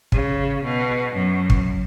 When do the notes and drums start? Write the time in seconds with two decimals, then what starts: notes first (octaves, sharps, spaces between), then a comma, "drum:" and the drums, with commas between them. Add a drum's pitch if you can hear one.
0.12 C#3, drum: kick
0.63 B2
1.16 F#2
1.50 drum: kick